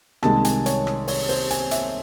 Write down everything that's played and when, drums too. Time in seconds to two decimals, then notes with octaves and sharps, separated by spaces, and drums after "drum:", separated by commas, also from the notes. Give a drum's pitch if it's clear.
0.23 C2 C3 D#3 G#3 A5, drum: rim click
0.45 G#5, drum: hi-hat
0.66 C#5, drum: hi-hat
0.87 drum: rim click
1.08 C#5, drum: open hi-hat
1.29 C5, drum: open hi-hat
1.50 G#5, drum: hi-hat
1.71 E5, drum: hi-hat